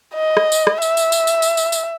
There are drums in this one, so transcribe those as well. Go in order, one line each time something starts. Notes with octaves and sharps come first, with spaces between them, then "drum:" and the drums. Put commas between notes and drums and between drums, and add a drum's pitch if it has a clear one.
D#5
drum: rim click
drum: tambourine
drum: rim click
E5, drum: tambourine
drum: tambourine
drum: tambourine
drum: tambourine
drum: tambourine
drum: tambourine
drum: tambourine